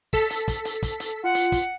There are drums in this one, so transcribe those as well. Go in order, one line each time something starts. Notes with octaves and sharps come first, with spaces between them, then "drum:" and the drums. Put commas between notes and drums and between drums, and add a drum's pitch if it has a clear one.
A4 B6, drum: kick, open hi-hat
drum: hi-hat
drum: kick, hi-hat
drum: hi-hat
drum: kick, hi-hat
drum: hi-hat
F4 F#5
drum: hi-hat
drum: kick, hi-hat